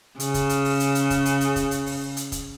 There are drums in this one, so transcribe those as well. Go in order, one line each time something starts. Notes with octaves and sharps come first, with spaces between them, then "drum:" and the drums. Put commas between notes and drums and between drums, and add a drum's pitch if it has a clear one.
C#3, drum: hi-hat
drum: kick, hi-hat
drum: hi-hat
drum: open hi-hat
drum: hi-hat
drum: hi-hat
drum: kick, hi-hat
drum: hi-hat
drum: hi-hat
drum: kick, hi-hat
drum: hi-hat
drum: open hi-hat
drum: hi-hat
drum: kick, hi-hat